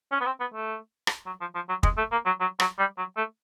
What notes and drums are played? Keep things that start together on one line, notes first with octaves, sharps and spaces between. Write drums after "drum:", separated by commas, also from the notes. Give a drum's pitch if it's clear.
C#4
B3
C4
B3
A3
drum: rim click
F#3
F3
F3
F#3
G#3, drum: kick
A3
A#3
F#3
F#3
F#3, drum: rim click
G3
F#3
A3